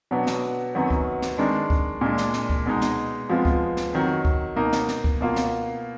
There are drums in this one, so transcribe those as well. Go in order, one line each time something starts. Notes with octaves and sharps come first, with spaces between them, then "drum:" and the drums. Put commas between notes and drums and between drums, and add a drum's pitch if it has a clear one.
B2 F#3 B3 D4
drum: snare
F#2 D#3 F#3 B3
drum: kick C#2
drum: snare
D#3 G#3 D4
drum: kick C#2
A#2 G#3 D4
drum: snare
drum: snare
drum: kick C#2
B2 G#3 D#4
drum: snare
F2 F3 G#3 B3 F4
drum: kick C#2
drum: snare
F2 D#3 F#3
drum: kick C#2
B2 A#3 D#4
drum: snare
drum: snare
drum: kick C#2
B2 A#3 F4
drum: snare